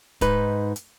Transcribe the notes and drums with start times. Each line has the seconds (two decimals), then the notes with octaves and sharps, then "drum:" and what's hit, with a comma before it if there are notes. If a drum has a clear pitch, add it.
0.21 G#2 D#4 B4, drum: kick D1, hi-hat
0.76 drum: hi-hat